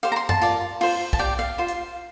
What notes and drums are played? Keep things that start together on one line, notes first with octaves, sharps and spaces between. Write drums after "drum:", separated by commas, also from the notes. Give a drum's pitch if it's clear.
G4 C5 F5
A#5
C6
A5, drum: tom F#2
F4 A#4 D5, drum: tambourine
F4 C5, drum: cymbal
A5, drum: kick
G4 D5 G5
F5
F4 C5
drum: hi-hat